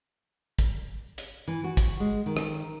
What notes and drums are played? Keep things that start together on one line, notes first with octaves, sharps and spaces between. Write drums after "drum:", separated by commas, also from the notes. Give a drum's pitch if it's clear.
drum: kick, hi-hat
drum: hi-hat
E3
F#4
drum: kick, hi-hat
G#3
D#3
drum: rim click